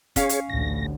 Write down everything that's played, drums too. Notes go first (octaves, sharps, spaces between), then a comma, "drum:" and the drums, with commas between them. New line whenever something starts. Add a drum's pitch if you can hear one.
C#4 G#4 C#5 F5, drum: kick, hi-hat
drum: hi-hat
A1 D2 A2 A#6